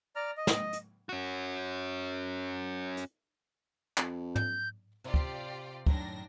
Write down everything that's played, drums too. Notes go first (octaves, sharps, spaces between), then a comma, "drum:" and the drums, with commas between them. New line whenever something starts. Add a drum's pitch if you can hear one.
D5 A#5 F6
D#5
drum: snare
drum: hi-hat
C#4 F#4
drum: hi-hat
F2, drum: clap
G6, drum: tom
C3 F4 G4 D5
drum: kick
F#2 A2 D#3 D4 A#6, drum: kick